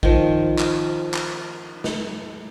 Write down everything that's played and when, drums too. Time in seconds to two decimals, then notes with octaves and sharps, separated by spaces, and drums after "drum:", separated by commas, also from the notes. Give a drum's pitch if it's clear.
0.03 D#3 F3, drum: kick A1
0.59 drum: clap
1.14 drum: clap
1.84 drum: snare